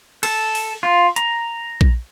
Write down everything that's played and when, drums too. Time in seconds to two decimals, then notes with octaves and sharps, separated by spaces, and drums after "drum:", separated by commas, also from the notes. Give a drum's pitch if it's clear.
0.23 A4, drum: cymbal
0.55 drum: open hi-hat
0.83 F4
1.16 A#5, drum: hi-hat
1.81 drum: kick A#1